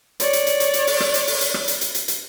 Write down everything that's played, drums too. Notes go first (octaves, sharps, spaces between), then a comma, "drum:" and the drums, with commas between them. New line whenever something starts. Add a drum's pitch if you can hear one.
C#5 D5, drum: hi-hat
drum: hi-hat
drum: hi-hat
drum: hi-hat
drum: hi-hat
drum: open hi-hat
drum: rim click
drum: hi-hat
drum: open hi-hat
drum: hi-hat
drum: rim click
drum: hi-hat
drum: hi-hat
drum: hi-hat
drum: hi-hat